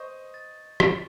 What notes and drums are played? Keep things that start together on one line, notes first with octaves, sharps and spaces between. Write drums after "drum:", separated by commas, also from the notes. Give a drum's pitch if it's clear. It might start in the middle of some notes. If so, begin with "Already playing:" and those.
Already playing: C5 D#5 C#6
A6
C#6, drum: rim click